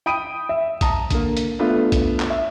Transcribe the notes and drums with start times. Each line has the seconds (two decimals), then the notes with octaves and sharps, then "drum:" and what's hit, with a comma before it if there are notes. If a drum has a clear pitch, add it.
0.06 G5 B5 D#6 D7 D#7
0.49 E5
0.81 A5 A#5 D#6, drum: kick, hi-hat
1.10 D3 A#3, drum: kick, hi-hat
1.37 drum: hi-hat
1.59 A3 B3 D4 F4
1.92 drum: kick, hi-hat
2.20 drum: clap
2.30 E5